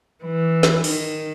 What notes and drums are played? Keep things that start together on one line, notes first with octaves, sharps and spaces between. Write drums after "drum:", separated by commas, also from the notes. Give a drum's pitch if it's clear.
E3
drum: snare
D#3, drum: open hi-hat